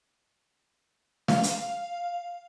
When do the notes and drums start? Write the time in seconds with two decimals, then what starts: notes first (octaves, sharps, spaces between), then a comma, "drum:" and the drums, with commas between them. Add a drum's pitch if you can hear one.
1.28 F5, drum: snare
1.43 drum: hi-hat